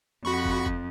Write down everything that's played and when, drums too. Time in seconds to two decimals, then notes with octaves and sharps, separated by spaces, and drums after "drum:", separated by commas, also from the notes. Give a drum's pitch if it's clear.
0.25 F2 F#4 B5 C#6
0.46 drum: kick
0.66 drum: kick